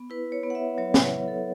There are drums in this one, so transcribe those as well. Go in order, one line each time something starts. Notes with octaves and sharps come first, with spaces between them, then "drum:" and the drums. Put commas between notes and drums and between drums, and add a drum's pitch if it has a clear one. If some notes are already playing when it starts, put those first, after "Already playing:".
Already playing: B3
E4 B4
C#5
B3
F#5
E5
F#3 C#5
F#5, drum: snare
F#3 E5
A4